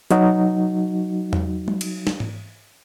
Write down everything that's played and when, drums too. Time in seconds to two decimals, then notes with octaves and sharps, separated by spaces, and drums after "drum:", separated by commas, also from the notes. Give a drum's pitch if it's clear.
0.11 F#3 D#4 F#4, drum: hi-hat
1.33 drum: tom E2
1.68 drum: tom G3
1.81 drum: cymbal
2.07 drum: snare
2.20 drum: tom G#2